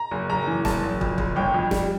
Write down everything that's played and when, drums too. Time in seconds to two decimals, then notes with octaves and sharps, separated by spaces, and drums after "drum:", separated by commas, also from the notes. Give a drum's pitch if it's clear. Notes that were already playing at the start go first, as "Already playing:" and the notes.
Already playing: A#5
0.11 F#1
0.29 F#1 A#5
0.47 E3
0.65 F#1 A5, drum: snare
0.83 F#1
1.01 F2, drum: kick
1.18 F#1, drum: kick
1.36 G1 G5
1.54 F2
1.71 G3, drum: snare